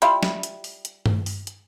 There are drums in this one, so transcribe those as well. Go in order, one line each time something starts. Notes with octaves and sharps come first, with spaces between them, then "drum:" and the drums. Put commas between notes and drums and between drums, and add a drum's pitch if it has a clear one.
G3 E4 F4, drum: hi-hat
drum: snare
drum: hi-hat
drum: open hi-hat
drum: hi-hat
drum: tom G2
drum: open hi-hat
drum: hi-hat